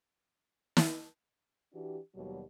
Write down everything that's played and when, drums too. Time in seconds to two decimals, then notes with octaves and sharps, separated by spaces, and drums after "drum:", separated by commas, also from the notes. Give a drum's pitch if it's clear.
0.77 drum: snare
1.73 E3 D4 F#4 G4
2.15 D#2 B2 F#3 G3